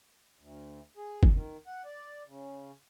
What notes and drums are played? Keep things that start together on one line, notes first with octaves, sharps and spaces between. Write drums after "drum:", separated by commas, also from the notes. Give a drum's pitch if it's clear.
D2
G#4
drum: kick F#1
D#3
F#5
D5
C#3